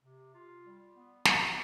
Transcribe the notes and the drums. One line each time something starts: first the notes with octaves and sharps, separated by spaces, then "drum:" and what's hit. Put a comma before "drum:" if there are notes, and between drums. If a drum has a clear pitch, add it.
C3
F4
G3
B3
C3, drum: snare